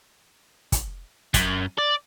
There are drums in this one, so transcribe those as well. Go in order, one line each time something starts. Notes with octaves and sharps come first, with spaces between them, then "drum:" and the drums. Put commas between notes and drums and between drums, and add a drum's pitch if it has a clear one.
drum: kick, hi-hat
F#2, drum: kick, hi-hat
D5